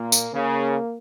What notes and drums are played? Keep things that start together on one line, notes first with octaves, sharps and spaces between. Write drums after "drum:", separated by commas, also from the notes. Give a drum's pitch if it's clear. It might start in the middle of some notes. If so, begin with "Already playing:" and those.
Already playing: A#2 A#3
drum: tambourine
C#3 A#3